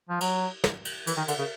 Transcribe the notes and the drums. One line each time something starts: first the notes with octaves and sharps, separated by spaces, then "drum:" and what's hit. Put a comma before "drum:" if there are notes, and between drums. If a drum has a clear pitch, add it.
F3
F#3, drum: cymbal
drum: snare
drum: cymbal
E3, drum: cymbal
D#3
D3, drum: cymbal
C#3